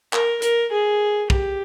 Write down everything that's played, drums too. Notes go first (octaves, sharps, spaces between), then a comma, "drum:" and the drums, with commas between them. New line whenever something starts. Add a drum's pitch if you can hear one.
A#4, drum: clap
A#4, drum: hi-hat
G#4
G4, drum: kick